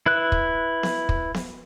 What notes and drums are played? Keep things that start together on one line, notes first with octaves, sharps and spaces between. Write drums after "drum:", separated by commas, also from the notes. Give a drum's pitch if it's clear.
E4 B4 F#6
drum: kick
drum: snare B3
drum: kick
drum: snare B3